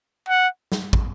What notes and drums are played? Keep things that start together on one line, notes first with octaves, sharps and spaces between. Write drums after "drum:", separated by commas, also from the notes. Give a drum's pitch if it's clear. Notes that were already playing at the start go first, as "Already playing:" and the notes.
F#5
drum: snare
drum: kick